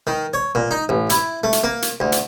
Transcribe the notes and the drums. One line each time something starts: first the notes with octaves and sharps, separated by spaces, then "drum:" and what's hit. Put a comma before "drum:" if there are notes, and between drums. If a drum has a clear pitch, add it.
D#3
C#5
A#2
D#4
A1
E4, drum: hi-hat
A3
drum: hi-hat
A#3
drum: hi-hat
D2
drum: hi-hat